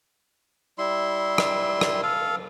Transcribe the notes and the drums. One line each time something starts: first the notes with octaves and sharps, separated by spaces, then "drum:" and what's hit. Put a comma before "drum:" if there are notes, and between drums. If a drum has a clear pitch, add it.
G3 E4 C6
drum: rim click
drum: rim click
A4 F5